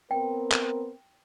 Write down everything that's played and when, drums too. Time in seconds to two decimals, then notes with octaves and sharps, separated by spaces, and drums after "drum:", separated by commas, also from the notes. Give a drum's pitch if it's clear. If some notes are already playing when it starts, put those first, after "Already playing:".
0.11 B3 C4 A#4 G5
0.52 drum: clap